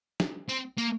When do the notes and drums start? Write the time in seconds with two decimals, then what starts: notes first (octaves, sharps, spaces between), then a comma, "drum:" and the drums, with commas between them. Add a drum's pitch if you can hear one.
0.20 drum: snare
0.49 C4, drum: tambourine
0.78 A#3, drum: tambourine